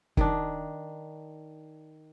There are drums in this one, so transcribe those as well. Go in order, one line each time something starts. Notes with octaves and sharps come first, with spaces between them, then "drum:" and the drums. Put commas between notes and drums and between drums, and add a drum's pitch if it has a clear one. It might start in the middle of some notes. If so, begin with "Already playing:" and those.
D#3 D4, drum: kick